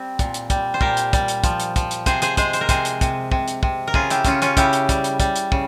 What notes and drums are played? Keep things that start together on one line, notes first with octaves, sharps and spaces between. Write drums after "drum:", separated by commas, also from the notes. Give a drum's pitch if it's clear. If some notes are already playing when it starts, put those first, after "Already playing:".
Already playing: G3 C4
A#2, drum: kick, hi-hat
drum: hi-hat
G3, drum: kick, hi-hat
C5
A#2 G4 A#4, drum: kick
drum: hi-hat
G3, drum: kick, hi-hat
drum: hi-hat
F3, drum: kick, hi-hat
drum: hi-hat
F3, drum: kick, hi-hat
drum: hi-hat
C3 G#4 C5, drum: kick, hi-hat
G#4 C5, drum: hi-hat
G#3 G#4 C5, drum: kick, hi-hat
C5, drum: hi-hat
A#4
C3 G#4 C5, drum: kick, hi-hat
drum: hi-hat
C3, drum: kick, hi-hat
C3, drum: kick
drum: hi-hat
C3, drum: kick
A#4
C#3 F4 G#4, drum: kick
E4 G4, drum: hi-hat
C#3 C#4 F4, drum: kick, hi-hat
C#4 F4, drum: hi-hat
C#3 E4 G4, drum: kick, hi-hat
drum: hi-hat
G3, drum: kick, hi-hat
drum: hi-hat
G3, drum: kick, hi-hat
drum: hi-hat
C#3, drum: kick